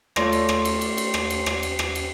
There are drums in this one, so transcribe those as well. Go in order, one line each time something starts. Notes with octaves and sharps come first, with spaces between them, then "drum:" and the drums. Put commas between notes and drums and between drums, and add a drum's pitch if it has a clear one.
A3 F4 C#5 D5 C6 A#6, drum: rim click
drum: cymbal
drum: rim click
drum: cymbal
drum: cymbal
drum: cymbal
drum: rim click
drum: cymbal
drum: rim click
drum: cymbal
drum: rim click
drum: cymbal